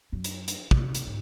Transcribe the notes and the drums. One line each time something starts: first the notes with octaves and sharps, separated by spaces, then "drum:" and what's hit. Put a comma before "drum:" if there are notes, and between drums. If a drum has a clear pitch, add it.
F#2 F#3
drum: hi-hat
drum: hi-hat
C3, drum: kick
drum: hi-hat
G#2